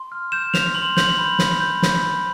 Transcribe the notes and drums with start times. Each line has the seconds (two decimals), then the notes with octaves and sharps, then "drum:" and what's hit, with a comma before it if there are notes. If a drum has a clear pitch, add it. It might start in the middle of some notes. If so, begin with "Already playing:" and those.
Already playing: C6
0.12 F6
0.32 G6 E7
0.54 C6 F7, drum: snare
0.75 C6 F#7
0.97 G6 F#7, drum: snare
1.19 B5
1.39 B5, drum: snare
1.60 G6
1.82 B5, drum: snare
2.03 B5